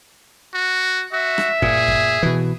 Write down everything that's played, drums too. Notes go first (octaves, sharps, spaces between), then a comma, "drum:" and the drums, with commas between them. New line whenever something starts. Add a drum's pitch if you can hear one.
F#4
F#4 E5
drum: rim click
A#2 G#4, drum: kick F#2
drum: kick F#2
B2 E3